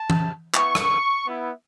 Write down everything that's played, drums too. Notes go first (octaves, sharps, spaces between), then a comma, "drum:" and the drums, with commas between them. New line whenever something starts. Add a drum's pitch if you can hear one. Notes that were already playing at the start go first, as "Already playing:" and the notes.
Already playing: A5
drum: tom E3
B3 E4 C#6, drum: clap
drum: rim click
B3 E4